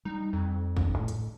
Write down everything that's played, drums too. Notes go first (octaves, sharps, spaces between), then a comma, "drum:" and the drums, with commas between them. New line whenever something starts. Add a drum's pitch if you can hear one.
G3 D#4
F2
F1 D#2 D4, drum: kick
A2
drum: hi-hat